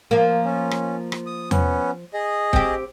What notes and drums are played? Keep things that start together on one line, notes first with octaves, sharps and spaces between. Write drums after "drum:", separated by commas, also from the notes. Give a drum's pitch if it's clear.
F3 A#3
C#4
drum: rim click
drum: rim click
D#6
B3 C#4, drum: tom E2
G#4 D#5
C4 G4, drum: kick